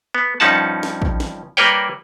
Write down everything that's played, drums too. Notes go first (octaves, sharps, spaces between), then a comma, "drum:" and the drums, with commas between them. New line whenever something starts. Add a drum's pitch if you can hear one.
B3
G2 F3 C#4 D#4 F#5 A5
drum: snare
drum: kick
drum: snare
G3 A#3 A#4 B4 C#5 G5